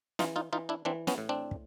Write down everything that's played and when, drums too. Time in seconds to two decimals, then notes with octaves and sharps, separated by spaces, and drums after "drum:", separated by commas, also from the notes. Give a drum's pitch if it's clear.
0.19 E3 D#4 F4, drum: snare
0.36 D#4 F4
0.53 E3 D#4 F4
0.69 D4 E4
0.85 E3 C4 D4
1.07 B3 C#4, drum: snare
1.18 A2
1.29 C4 D4
1.51 drum: kick